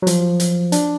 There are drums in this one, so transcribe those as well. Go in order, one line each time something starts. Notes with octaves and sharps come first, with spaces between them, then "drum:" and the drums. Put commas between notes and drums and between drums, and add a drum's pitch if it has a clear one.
F#3
F3, drum: hi-hat
drum: hi-hat
D4, drum: hi-hat